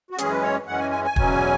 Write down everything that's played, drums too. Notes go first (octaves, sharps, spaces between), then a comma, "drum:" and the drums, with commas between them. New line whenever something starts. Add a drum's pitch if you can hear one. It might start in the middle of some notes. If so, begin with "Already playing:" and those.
F#4
F#2 E3 G#3 C#4 G#4, drum: hi-hat
B4
C#5
F#2 E3 G#3 C#4 F#5
G#5
G#5
G#5
E2 B2 F#3 C#4, drum: kick